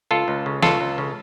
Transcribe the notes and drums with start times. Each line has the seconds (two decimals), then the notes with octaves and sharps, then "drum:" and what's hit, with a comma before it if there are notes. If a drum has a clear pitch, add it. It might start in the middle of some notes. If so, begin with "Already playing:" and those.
0.11 C#2 F4 A4
0.28 C#2
0.46 C#3
0.63 C#2 F4 A4, drum: snare
0.81 C#2
0.98 C#3